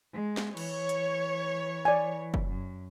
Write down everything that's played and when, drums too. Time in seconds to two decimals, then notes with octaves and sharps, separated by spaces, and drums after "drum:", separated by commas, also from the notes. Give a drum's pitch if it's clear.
0.13 G#3
0.37 drum: snare
0.57 E3 C#5, drum: cymbal
0.89 drum: hi-hat
1.85 D5 G#5
2.34 drum: kick F1
2.47 F#2